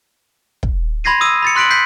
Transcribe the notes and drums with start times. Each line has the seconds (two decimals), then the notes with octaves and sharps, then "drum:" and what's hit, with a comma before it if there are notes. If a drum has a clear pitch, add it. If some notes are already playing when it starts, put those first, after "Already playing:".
0.63 drum: kick
1.04 B5 C6 G#6 A#6 C7 D#7
1.21 D#6 E6 D#7
1.42 B5 A6 C#7
1.55 C6 F#6 B6 D7 F#7
1.71 G6 B6 C7